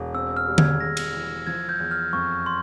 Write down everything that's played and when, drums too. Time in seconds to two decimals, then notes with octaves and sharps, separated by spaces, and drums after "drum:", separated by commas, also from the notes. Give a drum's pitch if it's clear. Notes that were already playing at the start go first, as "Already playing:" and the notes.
Already playing: E1
0.14 C4 E6
0.37 F6
0.48 G3
0.58 G#6, drum: tom D3
0.80 G#3 A#6
0.97 drum: cymbal
1.14 E3
1.47 F3 G#6
1.69 G6
1.80 E2
1.91 F6
2.13 F2 C#6
2.46 C6